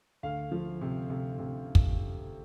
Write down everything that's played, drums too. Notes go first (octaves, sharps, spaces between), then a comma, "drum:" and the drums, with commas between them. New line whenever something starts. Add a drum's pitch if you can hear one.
D2 F5
F3
C3
C3
C3
drum: kick